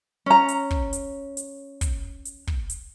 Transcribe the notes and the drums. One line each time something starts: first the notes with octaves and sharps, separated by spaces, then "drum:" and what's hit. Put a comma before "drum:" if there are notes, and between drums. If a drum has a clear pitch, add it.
C#4 A#5
drum: hi-hat
drum: kick
drum: hi-hat
drum: hi-hat
drum: kick, hi-hat
drum: hi-hat
drum: kick
drum: hi-hat